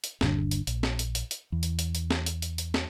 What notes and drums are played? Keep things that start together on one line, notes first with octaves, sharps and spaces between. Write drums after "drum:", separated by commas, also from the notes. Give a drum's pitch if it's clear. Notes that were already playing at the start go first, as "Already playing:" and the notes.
drum: hi-hat
D#1 G2 D3 D4, drum: snare
drum: hi-hat
A#1, drum: hi-hat
drum: snare
drum: hi-hat
drum: hi-hat
drum: hi-hat
E2
drum: hi-hat
drum: hi-hat
drum: hi-hat
drum: snare
drum: hi-hat
drum: hi-hat
drum: hi-hat
drum: snare